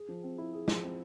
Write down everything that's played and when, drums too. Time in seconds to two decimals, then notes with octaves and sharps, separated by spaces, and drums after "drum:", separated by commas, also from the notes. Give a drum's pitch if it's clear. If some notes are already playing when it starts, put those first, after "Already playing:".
Already playing: G#4
0.08 F3
0.23 C4
0.38 E4
0.53 G#4
0.68 F3, drum: snare
0.83 C4